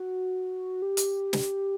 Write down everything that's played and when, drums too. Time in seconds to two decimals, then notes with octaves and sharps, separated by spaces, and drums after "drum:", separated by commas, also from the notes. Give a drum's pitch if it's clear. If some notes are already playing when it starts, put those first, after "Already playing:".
Already playing: F#4
0.82 G4
0.97 drum: hi-hat
1.33 drum: snare